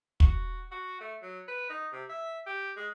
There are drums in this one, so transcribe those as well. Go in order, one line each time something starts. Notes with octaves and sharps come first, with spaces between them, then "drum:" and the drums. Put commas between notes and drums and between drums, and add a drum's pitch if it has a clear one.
F#4, drum: kick
F#4
A3
F#3
B4
D#4
C3
E5
G4
G#3